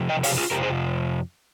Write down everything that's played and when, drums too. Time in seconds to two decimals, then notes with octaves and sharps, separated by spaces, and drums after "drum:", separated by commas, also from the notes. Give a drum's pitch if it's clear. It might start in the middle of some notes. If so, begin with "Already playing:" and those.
Already playing: C3 F3
0.09 D#5 G5
0.23 C#5 F5, drum: open hi-hat
0.38 F4 G#4
0.51 F2 C3 F3 G4 A#4
0.63 G#4 C5